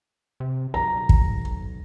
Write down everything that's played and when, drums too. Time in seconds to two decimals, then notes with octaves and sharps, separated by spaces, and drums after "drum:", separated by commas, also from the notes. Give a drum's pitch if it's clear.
0.40 C3
0.74 B1 A#5
1.09 drum: kick